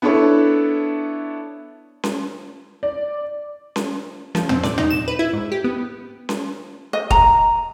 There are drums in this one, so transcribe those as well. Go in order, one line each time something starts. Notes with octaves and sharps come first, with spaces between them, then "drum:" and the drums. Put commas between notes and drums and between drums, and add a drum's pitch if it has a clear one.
B3 D4 E4 A4 C#5
drum: snare C#4
D5
drum: snare C#4
F3, drum: snare C#4
C4, drum: tom
D5, drum: snare C#4
D#4, drum: tom
E7
B4
E4
G#2
G4
B3
drum: snare C#4
D#5
A#5, drum: kick